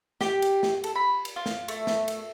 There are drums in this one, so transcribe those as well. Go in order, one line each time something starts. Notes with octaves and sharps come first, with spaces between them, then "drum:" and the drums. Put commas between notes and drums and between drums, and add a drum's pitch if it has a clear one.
G4, drum: snare
drum: cymbal
drum: snare
A4, drum: cymbal
B5
drum: cymbal
F4
drum: snare
A3, drum: cymbal
drum: snare
drum: cymbal